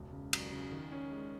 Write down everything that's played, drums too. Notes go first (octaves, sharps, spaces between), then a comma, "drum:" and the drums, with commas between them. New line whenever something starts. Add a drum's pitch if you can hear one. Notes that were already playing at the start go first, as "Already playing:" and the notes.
Already playing: E1 C#2
C#3
F#3, drum: cymbal
C#3
D#3
C#4
G#3